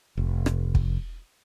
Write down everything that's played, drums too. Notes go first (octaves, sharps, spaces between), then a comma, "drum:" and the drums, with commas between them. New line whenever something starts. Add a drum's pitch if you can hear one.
F1
drum: rim click
drum: kick